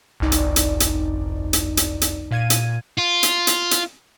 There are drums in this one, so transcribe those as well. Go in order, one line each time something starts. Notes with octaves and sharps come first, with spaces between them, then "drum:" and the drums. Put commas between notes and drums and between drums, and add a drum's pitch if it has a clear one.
G1 C2 F2 D#4 D5
drum: hi-hat
drum: hi-hat
drum: hi-hat
drum: hi-hat
drum: hi-hat
drum: hi-hat
A#2 F5 G#6 D#7
drum: hi-hat
F4
drum: hi-hat
drum: hi-hat
drum: hi-hat